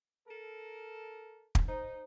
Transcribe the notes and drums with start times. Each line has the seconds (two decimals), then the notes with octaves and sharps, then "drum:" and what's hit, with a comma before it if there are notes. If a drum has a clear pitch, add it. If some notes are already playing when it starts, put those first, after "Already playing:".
0.27 A4 A#4
1.55 drum: kick
1.68 D#4 C5 A#5